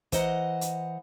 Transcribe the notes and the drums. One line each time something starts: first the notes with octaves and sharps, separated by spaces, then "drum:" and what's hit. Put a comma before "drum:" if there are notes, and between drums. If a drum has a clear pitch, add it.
E3 C5 D#5 F#5 A#5, drum: kick, hi-hat
drum: hi-hat